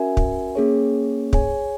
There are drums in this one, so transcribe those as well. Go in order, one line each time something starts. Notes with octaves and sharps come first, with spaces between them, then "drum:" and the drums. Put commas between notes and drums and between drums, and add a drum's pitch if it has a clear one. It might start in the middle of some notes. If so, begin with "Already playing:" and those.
Already playing: C#4 F#4 A#4 E5 G#5
drum: kick
A#3 C#4 G#4 C#5
G#4 C#5 G#5, drum: kick